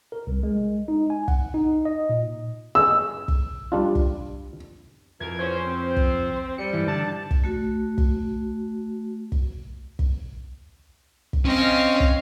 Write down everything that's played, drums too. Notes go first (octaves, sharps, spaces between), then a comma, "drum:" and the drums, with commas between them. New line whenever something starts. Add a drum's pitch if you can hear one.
A#4
C2
G#3
D#4
G#5
F#5, drum: kick
D#4
D#5
A#2
G#4 E6
drum: kick
G3 D4 F4
drum: kick
F2 B2 E3 A#4 G#6
E2 C#4 C5
C4
drum: kick
G3 C#7
G2 E3
D3 A5
drum: kick
A3 F#4
drum: kick
drum: kick
drum: kick
drum: kick
C4 C#4 D#5 F5
drum: kick